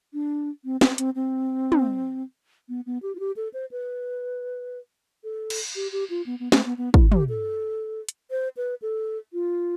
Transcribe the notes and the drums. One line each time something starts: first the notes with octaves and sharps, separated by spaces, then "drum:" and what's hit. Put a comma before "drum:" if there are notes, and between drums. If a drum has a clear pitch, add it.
D4
C4
C4, drum: snare
C4, drum: hi-hat
C4
drum: tom
B3
B3
G4
F4
G4
A4
C5
B4
A4
drum: cymbal
G4
G4
F4
B3
B3
A3, drum: snare
B3
B3
E4, drum: kick
G4, drum: tom
A4
drum: hi-hat
C5
B4
A4
F4